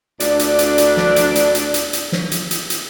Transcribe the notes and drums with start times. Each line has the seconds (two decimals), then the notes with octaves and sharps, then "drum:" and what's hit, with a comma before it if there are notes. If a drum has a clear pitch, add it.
0.20 D2 D4 D5, drum: hi-hat
0.39 drum: hi-hat
0.59 drum: hi-hat
0.78 drum: hi-hat
0.97 drum: snare
1.16 drum: hi-hat
1.35 drum: hi-hat
1.55 drum: hi-hat
1.74 drum: hi-hat
1.93 drum: hi-hat
2.12 drum: snare
2.32 drum: hi-hat
2.51 drum: hi-hat
2.70 drum: hi-hat